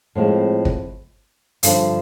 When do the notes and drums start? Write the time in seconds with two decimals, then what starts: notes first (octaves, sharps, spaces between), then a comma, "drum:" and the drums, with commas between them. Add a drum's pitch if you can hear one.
0.15 A2 F3 G#3 C4
0.65 drum: kick
1.63 G2 D3 F3, drum: hi-hat